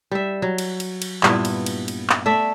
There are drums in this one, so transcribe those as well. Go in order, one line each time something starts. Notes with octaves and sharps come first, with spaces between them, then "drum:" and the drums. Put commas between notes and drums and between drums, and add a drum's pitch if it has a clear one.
G3 E5
F#3
drum: cymbal
drum: cymbal
drum: cymbal
G2 A#2 B3 E4, drum: clap
drum: cymbal
drum: cymbal
drum: cymbal
drum: clap
A3 D5 E5